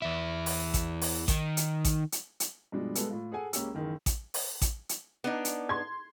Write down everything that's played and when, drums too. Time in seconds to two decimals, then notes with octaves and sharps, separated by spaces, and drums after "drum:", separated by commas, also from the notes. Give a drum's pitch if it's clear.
0.02 E2 E4
0.46 drum: open hi-hat
0.74 drum: kick A1, hi-hat
1.01 drum: open hi-hat
1.28 D#3, drum: kick A1, hi-hat
1.57 drum: hi-hat
1.85 drum: kick A1, hi-hat
2.12 drum: hi-hat
2.40 drum: hi-hat
2.72 G2 B2 F3 G3 G#3 D4
2.95 G3 G#3 B3 A4, drum: hi-hat
3.11 A2 F4
3.32 G#4 A4 F#5 G#5
3.53 C#2 A#3 C#4 G4 E6, drum: hi-hat
3.75 F#1 D#3 E3 A#4
4.06 drum: kick A1, hi-hat
4.34 drum: open hi-hat
4.62 drum: kick A1, hi-hat
4.89 drum: hi-hat
5.24 B3 D4 D#4
5.45 drum: hi-hat
5.69 C6 G#6